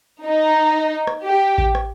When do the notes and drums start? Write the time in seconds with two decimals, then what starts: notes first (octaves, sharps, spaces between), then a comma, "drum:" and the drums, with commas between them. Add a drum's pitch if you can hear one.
0.23 D#4
1.07 drum: rim click
1.24 G4
1.58 drum: kick A1
1.75 drum: rim click